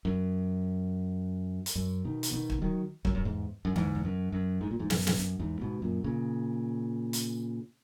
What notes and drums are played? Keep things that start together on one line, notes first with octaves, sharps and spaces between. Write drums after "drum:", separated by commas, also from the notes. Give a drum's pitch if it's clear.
F#2
drum: hi-hat
F#2
B2 D#3
drum: hi-hat
B2 D#3
drum: kick
D#3 F#3
F#2, drum: kick
F#2
E2 G#2
F#2
E2 G#2, drum: tom D3
E2
F#2
F#2
G#2
A#2
E2 G#2
F#2, drum: snare
drum: snare
F#2
E2 G#2
G#2 B2
F#2 A#2
A#2 C#3
drum: hi-hat